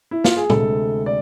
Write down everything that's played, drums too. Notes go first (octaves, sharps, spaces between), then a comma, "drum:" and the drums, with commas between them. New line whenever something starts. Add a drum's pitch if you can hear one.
E4
F4, drum: snare
G#4
D2 C3 G#3 A4, drum: tom A#2
D5